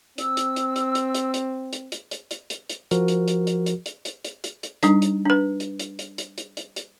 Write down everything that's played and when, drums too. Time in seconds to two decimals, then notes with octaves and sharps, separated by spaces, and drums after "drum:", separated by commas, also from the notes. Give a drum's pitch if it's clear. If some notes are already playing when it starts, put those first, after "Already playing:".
0.18 C4 E6, drum: hi-hat
0.37 drum: hi-hat
0.56 drum: hi-hat
0.76 drum: hi-hat
0.95 drum: hi-hat
1.15 drum: hi-hat
1.34 drum: hi-hat
1.73 drum: hi-hat
1.92 drum: hi-hat
2.11 drum: hi-hat
2.31 drum: hi-hat
2.50 drum: hi-hat
2.70 drum: hi-hat
2.91 F3 F#4 A#4, drum: hi-hat
3.08 drum: hi-hat
3.28 drum: hi-hat
3.47 drum: hi-hat
3.66 drum: hi-hat
3.86 drum: hi-hat
4.05 drum: hi-hat
4.25 drum: hi-hat
4.44 drum: hi-hat
4.63 drum: hi-hat
4.83 G3 D4 D#4, drum: hi-hat
5.02 drum: hi-hat
5.25 D4 B4
5.60 drum: hi-hat
5.79 drum: hi-hat
5.99 drum: hi-hat
6.18 drum: hi-hat
6.38 drum: hi-hat
6.57 drum: hi-hat
6.76 drum: hi-hat